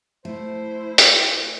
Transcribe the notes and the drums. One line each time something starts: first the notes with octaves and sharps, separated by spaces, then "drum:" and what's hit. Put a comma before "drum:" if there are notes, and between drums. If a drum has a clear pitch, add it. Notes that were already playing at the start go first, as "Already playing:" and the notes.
A3 E4 C5
drum: hi-hat